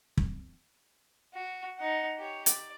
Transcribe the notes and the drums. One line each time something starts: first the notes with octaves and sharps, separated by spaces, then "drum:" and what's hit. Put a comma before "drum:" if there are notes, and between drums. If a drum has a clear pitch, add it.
drum: kick
F#4
D#4 F#5
G4 C#5
D5, drum: hi-hat